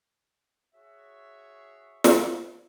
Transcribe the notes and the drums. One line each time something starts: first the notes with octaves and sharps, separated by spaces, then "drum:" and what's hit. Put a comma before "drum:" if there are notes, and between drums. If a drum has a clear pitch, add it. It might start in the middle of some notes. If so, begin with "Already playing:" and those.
F#4 G#4 C#5 E5
drum: snare